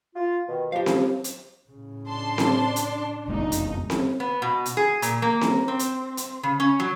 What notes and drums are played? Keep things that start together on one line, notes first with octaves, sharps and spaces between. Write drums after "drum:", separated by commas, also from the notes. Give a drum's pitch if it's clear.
F4
B2 D#3
F3 F#3 G4 F5
drum: snare C4
drum: hi-hat
A2 C#3
D4 A5 C6
drum: snare C4
drum: hi-hat
F#1 F2 G#3 B3 D#4
drum: hi-hat
drum: snare C4
B3
B2
drum: hi-hat
G#4
A#2, drum: hi-hat
A#3
drum: snare C4
C4
drum: hi-hat
drum: hi-hat
C#3
C#4
F#3